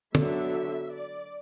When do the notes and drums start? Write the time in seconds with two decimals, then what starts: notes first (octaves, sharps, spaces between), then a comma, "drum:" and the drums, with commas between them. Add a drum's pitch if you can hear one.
0.15 D3 F#3 B3 D4 E5, drum: tom
0.92 D5